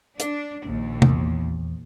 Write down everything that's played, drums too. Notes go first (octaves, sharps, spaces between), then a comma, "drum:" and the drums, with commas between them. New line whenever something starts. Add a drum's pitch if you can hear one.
D4, drum: hi-hat
A#1 D#2
E2, drum: tom